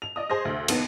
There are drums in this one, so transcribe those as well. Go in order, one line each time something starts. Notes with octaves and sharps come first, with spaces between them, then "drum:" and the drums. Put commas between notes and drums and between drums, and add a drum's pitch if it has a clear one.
F7
D5 D#5 D#6
G#4 C5 D#6 A#6
D2
D#2 B3 D#4, drum: cymbal